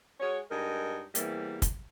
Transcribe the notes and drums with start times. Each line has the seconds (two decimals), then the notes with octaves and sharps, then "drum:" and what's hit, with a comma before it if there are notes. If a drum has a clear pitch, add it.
0.20 G#3 F#4 C#5
0.50 G2 G#3 D#4 A#4
1.15 E2 C3 E3 G3 A#3, drum: hi-hat
1.62 drum: kick, hi-hat